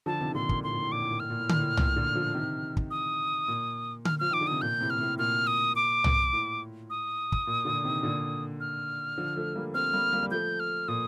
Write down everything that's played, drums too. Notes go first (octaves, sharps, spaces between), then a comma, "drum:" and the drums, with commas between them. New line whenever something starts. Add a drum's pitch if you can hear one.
D3 F3 A5
C3 D#3
A#2 D3 C6
A#2, drum: kick
A2 C6
A#2
A2
A#2 D6
A2
A#2
A2 F6
A#2
A2
A#2, drum: tom D3
A2
A#2, drum: tom C2
A#2 D3
D3 F3
C3 D#3
drum: kick
D#6
A#2
F6, drum: tom D3
F3 F6
D#3 D6
D3
C3 D#6
A#2 G6
A2 C3
F6
A2 C3
A#2 F6
D#6
D6
drum: tom C2
A2
D#6
drum: kick
A#2
A#2 D3
C3 D#3
A#2 D3
F6
D3 F3
F3 A3
G3 A#3
A3 C4 F6
G3 A#3
G3 A#3
G3
F3 A3 G6
F6
A#2 D#6